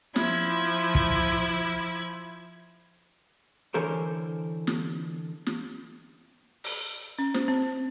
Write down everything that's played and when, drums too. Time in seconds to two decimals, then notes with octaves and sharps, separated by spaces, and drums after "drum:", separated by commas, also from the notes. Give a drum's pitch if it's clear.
0.16 F3 E4 G#6, drum: snare
0.95 drum: kick
3.74 D3 E3 A4 A#4 C5 C#5
4.67 drum: snare
5.46 drum: snare
6.64 drum: open hi-hat
7.19 C#4
7.34 C5, drum: snare
7.48 C4